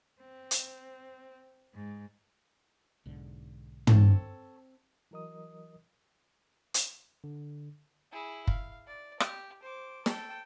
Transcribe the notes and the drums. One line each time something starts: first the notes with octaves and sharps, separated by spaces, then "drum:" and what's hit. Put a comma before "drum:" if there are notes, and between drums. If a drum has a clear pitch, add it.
C4
drum: hi-hat
G#2
B1 G#2 D3
C4 A4 C#5, drum: tom
E3 F#3 A#4 D#5 D#6
drum: hi-hat
D3
E4 G#4
F5, drum: kick
D5
G4, drum: rim click
C5 D6
A4 G5, drum: snare